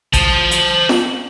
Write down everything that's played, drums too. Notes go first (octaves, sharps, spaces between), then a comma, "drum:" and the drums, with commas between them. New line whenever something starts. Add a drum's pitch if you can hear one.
C5 A5, drum: kick A1, hi-hat
drum: hi-hat
drum: snare